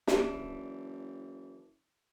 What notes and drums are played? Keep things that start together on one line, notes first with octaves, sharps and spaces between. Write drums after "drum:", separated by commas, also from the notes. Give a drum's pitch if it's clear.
F#1 E3 D4, drum: snare